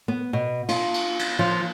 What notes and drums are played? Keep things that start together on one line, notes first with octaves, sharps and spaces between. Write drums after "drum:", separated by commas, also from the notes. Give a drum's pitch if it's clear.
B3
B2
F4, drum: cymbal
drum: cymbal
drum: cymbal
F3